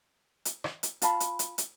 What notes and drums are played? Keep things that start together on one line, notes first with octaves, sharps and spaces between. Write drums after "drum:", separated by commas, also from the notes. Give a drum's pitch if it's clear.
drum: hi-hat
drum: rim click
drum: hi-hat
F4 F5 A5 B5, drum: hi-hat
drum: hi-hat
drum: hi-hat
drum: hi-hat